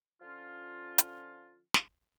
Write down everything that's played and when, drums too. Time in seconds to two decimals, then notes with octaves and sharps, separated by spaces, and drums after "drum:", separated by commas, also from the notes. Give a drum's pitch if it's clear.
0.22 D3 F3 C#4 F4
0.98 drum: hi-hat
1.74 drum: snare